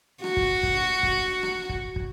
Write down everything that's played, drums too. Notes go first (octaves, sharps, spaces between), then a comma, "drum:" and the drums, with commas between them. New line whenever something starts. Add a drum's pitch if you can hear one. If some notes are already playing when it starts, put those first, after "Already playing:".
F#4, drum: rim click
drum: kick
drum: kick
drum: kick
drum: rim click
drum: kick
drum: kick